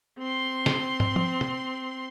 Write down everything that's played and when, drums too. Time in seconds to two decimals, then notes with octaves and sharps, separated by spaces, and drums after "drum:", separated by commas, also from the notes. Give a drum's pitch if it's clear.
0.18 C4 C6
0.66 drum: snare
1.00 drum: tom
1.16 drum: tom
1.41 drum: tom